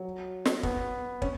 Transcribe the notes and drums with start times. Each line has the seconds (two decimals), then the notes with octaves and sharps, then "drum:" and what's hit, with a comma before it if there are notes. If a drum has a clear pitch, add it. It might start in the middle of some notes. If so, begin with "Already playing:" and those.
Already playing: F#3
0.45 drum: snare
0.63 B3, drum: kick
1.22 C#4, drum: kick